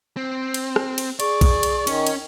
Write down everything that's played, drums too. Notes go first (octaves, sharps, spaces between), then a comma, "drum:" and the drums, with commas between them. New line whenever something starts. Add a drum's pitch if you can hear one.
C4
drum: cymbal
drum: rim click
drum: cymbal
G#4 D5 C#6, drum: cymbal
drum: kick A#1, cymbal
drum: cymbal
D#3 C#4, drum: cymbal
drum: cymbal